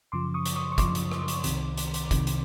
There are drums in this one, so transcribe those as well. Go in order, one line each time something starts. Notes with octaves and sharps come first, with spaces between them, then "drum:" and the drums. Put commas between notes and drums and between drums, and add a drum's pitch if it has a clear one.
F#2 C#3 F3 C6 D6
C#6 D#6
drum: hi-hat
C#6 D#6
C#6
F#2 C#3 F3 C6 D6, drum: kick, hi-hat
drum: hi-hat
drum: rim click
drum: hi-hat
C2 C3 D#3, drum: hi-hat
drum: hi-hat
drum: hi-hat
C2 C3 D#3, drum: kick, hi-hat
drum: hi-hat